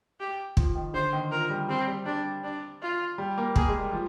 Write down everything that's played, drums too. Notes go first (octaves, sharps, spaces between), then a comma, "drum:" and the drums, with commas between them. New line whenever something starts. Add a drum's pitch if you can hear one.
G4
F3, drum: kick
D#3
D3 C5
D#3
F3 A#4
G3
G3 C4
G3
G3 D4
D4
F4
G3
A#3
A#3 G#4, drum: kick
G#3
G3
F3